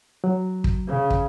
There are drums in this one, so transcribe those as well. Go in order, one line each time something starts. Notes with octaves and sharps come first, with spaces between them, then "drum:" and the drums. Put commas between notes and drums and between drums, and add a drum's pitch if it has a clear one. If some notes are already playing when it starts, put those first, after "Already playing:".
F#3
drum: kick
C#3
drum: kick